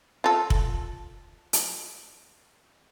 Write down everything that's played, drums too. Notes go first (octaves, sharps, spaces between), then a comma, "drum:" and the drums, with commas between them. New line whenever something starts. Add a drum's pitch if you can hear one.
F4 A4
drum: kick F1
drum: hi-hat